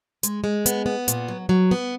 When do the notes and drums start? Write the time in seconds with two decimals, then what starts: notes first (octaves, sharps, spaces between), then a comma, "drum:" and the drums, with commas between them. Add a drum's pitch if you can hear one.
0.23 G#3, drum: hi-hat
0.44 G#3
0.66 B3, drum: hi-hat
0.86 B3
1.08 A#2, drum: hi-hat
1.28 F#3
1.49 F#3
1.71 B3